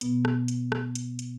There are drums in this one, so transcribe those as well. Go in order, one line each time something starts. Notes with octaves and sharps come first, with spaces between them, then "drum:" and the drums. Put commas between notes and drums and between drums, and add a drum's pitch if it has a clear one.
B2 B3, drum: hi-hat
drum: rim click
drum: hi-hat
drum: rim click
drum: hi-hat
drum: hi-hat